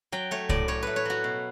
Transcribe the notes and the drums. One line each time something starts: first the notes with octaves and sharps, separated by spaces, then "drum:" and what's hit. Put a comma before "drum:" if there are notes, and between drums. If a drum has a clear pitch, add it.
F#3 G5
A3 C#5
A2 D5, drum: kick C2
A2 C#5
A3 B4
C#5
F#3 F#4
B2